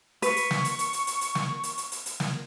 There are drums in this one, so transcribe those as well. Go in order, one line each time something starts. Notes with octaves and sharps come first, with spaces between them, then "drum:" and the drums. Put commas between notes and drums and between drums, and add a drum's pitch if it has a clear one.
B4 C#6, drum: hi-hat
drum: hi-hat
drum: snare
drum: hi-hat
drum: hi-hat
drum: hi-hat
drum: hi-hat
drum: hi-hat
drum: snare
drum: hi-hat
drum: hi-hat
drum: hi-hat
drum: hi-hat
drum: snare